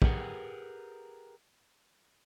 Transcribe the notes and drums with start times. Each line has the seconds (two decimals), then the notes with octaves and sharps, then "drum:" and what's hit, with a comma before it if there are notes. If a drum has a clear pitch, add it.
0.02 G4 G#4 A#4 B4 F#5, drum: kick